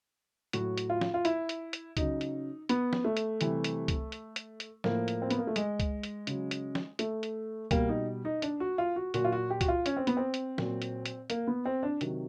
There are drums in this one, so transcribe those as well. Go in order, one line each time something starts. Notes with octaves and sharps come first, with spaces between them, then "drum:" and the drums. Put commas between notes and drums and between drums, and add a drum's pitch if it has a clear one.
A2 F#3 F#4, drum: hi-hat
drum: hi-hat
F4
drum: snare
F4
E4, drum: hi-hat
drum: hi-hat
drum: hi-hat
C#3 F#3 D#4, drum: kick C2, hi-hat
drum: hi-hat
B3, drum: hi-hat
drum: snare
A3
drum: hi-hat
C3 E3 G3, drum: hi-hat
drum: hi-hat
drum: kick C2, hi-hat
drum: hi-hat
drum: hi-hat
drum: hi-hat
A2 F3 A#3, drum: snare
drum: hi-hat
C4
B3, drum: hi-hat
A#3
A3
G#3, drum: hi-hat
drum: kick C2, hi-hat
drum: hi-hat
C#3 F#3, drum: hi-hat
drum: hi-hat
drum: snare
A3, drum: hi-hat
drum: hi-hat
B2 G3 A#3, drum: kick C2, hi-hat
D#4
D#4
D4, drum: hi-hat
F#4
F4
F#4
A#2 F#3 F#4, drum: hi-hat
F4
F#4
G4
F#4, drum: kick C2, hi-hat
F4
C#4, drum: hi-hat
C4
B3, drum: hi-hat
C4
drum: hi-hat
A#2 F#3, drum: snare
drum: hi-hat
drum: hi-hat
A#3, drum: hi-hat
B3
C4
D4
C3 D#3 F#3, drum: hi-hat